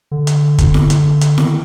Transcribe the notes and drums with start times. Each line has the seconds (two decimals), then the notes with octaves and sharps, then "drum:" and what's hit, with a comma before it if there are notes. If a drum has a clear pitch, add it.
0.11 D3
0.27 drum: hi-hat
0.58 drum: kick, hi-hat
0.74 drum: snare E4
0.90 drum: hi-hat
1.21 drum: hi-hat
1.38 D#3, drum: snare E4